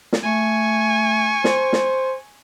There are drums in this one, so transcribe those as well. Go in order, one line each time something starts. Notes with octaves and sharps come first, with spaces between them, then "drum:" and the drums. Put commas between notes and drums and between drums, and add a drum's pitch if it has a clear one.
drum: snare
A3 G#5 C#6
C5, drum: snare
drum: snare